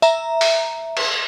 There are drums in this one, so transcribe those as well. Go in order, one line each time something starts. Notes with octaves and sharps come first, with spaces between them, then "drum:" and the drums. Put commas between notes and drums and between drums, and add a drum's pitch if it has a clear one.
E5 A#5, drum: tambourine
drum: open hi-hat
drum: cymbal